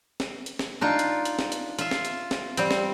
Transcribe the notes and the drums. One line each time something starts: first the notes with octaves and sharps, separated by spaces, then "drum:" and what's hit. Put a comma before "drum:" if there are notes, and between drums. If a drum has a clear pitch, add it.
drum: snare
drum: hi-hat
drum: snare
D4 D#4 F4
drum: hi-hat
drum: hi-hat
drum: snare
drum: hi-hat
F4 E5, drum: hi-hat
drum: snare
drum: hi-hat
drum: snare
G3 C4, drum: hi-hat
drum: snare